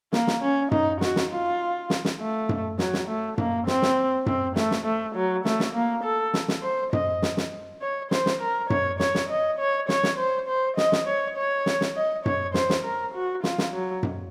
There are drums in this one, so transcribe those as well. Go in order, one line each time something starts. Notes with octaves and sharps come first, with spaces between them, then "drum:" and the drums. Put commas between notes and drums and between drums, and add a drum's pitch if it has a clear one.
A#3, drum: snare
drum: snare
C#4
D#4, drum: tom F#2
F#4, drum: snare
drum: snare
F4
drum: snare
drum: snare
A3
drum: tom F#2
F#3, drum: snare
drum: snare
A3
A#3, drum: tom F#2
C4, drum: snare
drum: snare
C4, drum: tom F#2
A3, drum: snare
drum: snare
A3
F#3
A3, drum: snare
drum: snare
A#3
A4
drum: snare
drum: snare
C5
D#5, drum: tom F#2
drum: snare
drum: snare
C#5
C5, drum: snare
drum: snare
A#4
C#5, drum: tom F#2
C#5, drum: snare
drum: snare
D#5
C#5
C#5, drum: snare
drum: snare
C5
C5
D#5, drum: snare
drum: snare
C#5
C#5
drum: snare
drum: snare
D#5
C#5, drum: tom F#2
C5, drum: snare
drum: snare
A#4
F#4
F4, drum: snare
drum: snare
F#3
drum: tom F#2